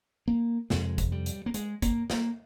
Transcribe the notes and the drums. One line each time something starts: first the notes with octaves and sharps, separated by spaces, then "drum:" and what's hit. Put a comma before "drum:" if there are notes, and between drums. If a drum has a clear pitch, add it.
A#3
F2 C3 G#3, drum: snare
drum: kick, hi-hat
G3
drum: hi-hat
A#3
G#3, drum: hi-hat
A#3, drum: kick, hi-hat
A#3, drum: snare